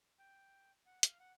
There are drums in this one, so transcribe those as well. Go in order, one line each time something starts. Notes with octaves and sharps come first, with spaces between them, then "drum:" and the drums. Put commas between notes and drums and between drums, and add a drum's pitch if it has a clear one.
G5
F#5
F5, drum: hi-hat
F#5